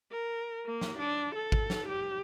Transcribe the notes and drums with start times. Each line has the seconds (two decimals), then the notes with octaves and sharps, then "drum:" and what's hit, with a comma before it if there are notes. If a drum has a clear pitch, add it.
0.11 A#4
0.65 A#3
0.81 drum: snare
0.98 D4
1.35 A4
1.52 drum: kick G#1
1.70 drum: snare
1.88 G4